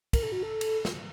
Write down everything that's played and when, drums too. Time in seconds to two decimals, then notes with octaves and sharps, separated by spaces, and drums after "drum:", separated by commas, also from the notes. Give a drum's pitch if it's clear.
0.13 A#4, drum: kick, cymbal
0.23 A4
0.32 F#4
0.43 A4
0.61 drum: cymbal
0.85 drum: snare